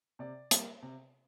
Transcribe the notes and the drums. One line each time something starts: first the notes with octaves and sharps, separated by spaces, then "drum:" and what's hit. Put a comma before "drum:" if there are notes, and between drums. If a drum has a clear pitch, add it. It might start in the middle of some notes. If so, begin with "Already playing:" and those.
C3 D5
G3 A#3, drum: hi-hat
C3